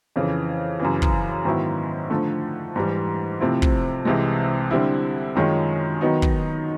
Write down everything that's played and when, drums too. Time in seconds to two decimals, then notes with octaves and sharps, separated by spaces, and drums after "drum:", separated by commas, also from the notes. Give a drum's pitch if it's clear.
0.16 F2 C#3 E3
0.80 F#2 C#3 E3
1.02 drum: kick
1.45 G#2 D#3 F#3 B3 E4
2.10 D3 F3 A3
2.76 G#2 E3 G3
3.40 C3 F3 A3 C4 E4
3.62 drum: kick
4.05 C2 C3 E3 G#3
4.71 D3 G3 C4 E4
5.35 F#2 D#3 G#3 C#4 F4
6.01 D#3 F#3 B3 D#4
6.22 drum: kick